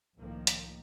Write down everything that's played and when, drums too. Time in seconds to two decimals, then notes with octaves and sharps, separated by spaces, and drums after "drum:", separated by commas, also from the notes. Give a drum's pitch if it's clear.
0.17 C2 A2 D#3 F3 A#3
0.47 drum: hi-hat